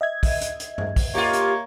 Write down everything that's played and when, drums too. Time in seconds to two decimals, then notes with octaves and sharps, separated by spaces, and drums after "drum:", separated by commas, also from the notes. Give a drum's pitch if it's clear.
0.01 D#5 E5 G#6
0.23 drum: kick, open hi-hat
0.41 drum: hi-hat
0.60 drum: hi-hat
0.78 drum: tom G2
0.96 drum: kick, open hi-hat
1.15 A#3 F4 G4 C#5
1.33 drum: hi-hat